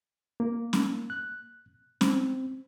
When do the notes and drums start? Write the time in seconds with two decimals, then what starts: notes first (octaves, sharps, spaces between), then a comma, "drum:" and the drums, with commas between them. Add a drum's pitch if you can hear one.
0.40 A#3
0.73 drum: snare C#4
1.10 F#6
2.01 C4, drum: snare C#4